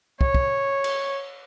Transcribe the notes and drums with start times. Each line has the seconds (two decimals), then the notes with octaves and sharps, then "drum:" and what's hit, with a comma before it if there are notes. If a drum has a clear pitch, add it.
0.21 C#5, drum: kick
0.35 drum: kick
0.84 drum: cymbal